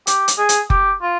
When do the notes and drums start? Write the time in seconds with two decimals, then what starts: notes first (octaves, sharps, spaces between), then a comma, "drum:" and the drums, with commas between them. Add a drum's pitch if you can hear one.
0.07 G4, drum: hi-hat
0.28 drum: hi-hat
0.38 G#4
0.49 drum: hi-hat
0.70 G4, drum: kick F#1
1.02 F4